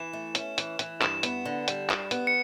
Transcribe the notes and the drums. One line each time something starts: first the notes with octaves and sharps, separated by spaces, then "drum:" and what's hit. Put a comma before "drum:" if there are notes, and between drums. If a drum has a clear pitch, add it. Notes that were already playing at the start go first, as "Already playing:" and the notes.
Already playing: E3 E7
A3
C#4, drum: hi-hat
E3, drum: hi-hat
E3, drum: hi-hat
G2 E7, drum: clap
B3, drum: hi-hat
D3
G3, drum: hi-hat
G2, drum: clap
B3, drum: hi-hat
C#7